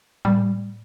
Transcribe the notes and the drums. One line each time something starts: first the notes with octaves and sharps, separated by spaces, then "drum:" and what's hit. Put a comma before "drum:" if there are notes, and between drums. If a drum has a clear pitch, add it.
G3, drum: tom A2